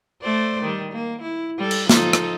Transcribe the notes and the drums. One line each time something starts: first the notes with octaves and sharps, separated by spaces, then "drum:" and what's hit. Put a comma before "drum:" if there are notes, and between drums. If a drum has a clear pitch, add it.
A3 C5 D5
D#3 G3
A#3
E4
G3 A4
drum: cymbal
F3 D#4 A4, drum: snare
drum: rim click